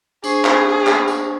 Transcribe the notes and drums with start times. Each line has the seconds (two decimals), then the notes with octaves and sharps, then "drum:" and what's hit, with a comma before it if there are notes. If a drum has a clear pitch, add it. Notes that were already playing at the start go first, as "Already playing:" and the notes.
0.24 D4 G#4 C5 C#6, drum: tambourine
0.45 drum: clap
0.87 drum: clap
1.08 drum: tambourine